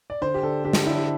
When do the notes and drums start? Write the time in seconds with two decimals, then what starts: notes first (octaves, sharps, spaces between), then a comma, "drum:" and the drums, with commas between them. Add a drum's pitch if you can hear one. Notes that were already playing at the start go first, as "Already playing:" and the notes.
0.10 D5
0.21 D3 C5
0.34 G4
0.43 D3 A4
0.64 D3 G4
0.73 drum: snare
0.86 D3 E4